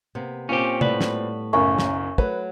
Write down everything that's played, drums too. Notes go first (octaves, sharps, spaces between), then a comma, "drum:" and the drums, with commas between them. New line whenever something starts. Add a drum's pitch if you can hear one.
C3 A#3 B3
A#2 C4 C#4 G4
A2 G3 B3 B4 D5, drum: tom
drum: snare
F#1 B1 F#2 C#4 A#4 E5 G#5 C#6
drum: snare
F#3 A3 B4, drum: kick